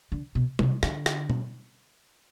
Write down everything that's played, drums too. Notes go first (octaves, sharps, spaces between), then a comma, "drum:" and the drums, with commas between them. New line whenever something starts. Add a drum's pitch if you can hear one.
D3
B2
C3, drum: tom
D3, drum: rim click
drum: rim click
drum: tom B2